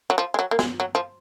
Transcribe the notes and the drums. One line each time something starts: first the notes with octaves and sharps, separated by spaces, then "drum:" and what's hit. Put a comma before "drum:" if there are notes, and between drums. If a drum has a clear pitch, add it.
F#3
F3
G#3
F#3
A#3
G#3, drum: snare
F#3
F3